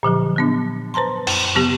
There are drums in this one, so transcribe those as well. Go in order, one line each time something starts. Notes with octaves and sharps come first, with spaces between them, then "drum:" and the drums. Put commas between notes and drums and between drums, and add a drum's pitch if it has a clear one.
A#2 D3 F3 F#3
F#3 B3 D4
B4 C5 A5 A#5 C6
F#2, drum: cymbal
C#3 F#3 B3 G4